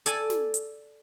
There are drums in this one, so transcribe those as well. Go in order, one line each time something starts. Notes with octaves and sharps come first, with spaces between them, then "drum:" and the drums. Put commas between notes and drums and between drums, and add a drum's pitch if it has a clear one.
A4 D5 G#5, drum: hi-hat
drum: snare
drum: hi-hat